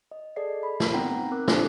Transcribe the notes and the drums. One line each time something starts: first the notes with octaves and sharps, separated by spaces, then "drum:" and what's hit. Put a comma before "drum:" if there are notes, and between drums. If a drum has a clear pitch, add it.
D#5
G#4 A4 D5 D#5 C7
B5
drum: snare
B3 C4 D#4 F#5 G5 A#5
C4 A#4 D6 F#6
D4 G4 A4 C5 G#5, drum: snare